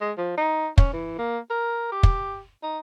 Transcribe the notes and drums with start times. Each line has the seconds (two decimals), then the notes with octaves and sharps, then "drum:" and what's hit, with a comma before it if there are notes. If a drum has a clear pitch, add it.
0.01 G#3
0.18 F3
0.37 D#4
0.78 C#4, drum: kick
0.93 E3
1.18 A#3
1.50 A#4
1.92 G4
2.03 drum: kick
2.63 D#4